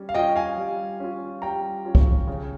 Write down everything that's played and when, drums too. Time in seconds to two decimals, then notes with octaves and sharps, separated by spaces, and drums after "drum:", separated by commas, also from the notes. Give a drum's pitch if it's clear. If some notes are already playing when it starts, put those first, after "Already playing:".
Already playing: G3 C#4
0.09 F5
0.14 C#4 F4 D#5 G5
0.36 F5 G#5
0.58 G3
1.00 C#4 F4
1.42 G3 G5 A#5
1.85 C#4 F4
1.95 drum: kick C2
2.27 C#3